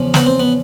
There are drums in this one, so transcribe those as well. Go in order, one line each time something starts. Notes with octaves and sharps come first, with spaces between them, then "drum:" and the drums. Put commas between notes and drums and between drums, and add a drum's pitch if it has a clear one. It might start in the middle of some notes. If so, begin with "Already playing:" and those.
Already playing: E2 C#3 F3
B3, drum: snare
C4
B3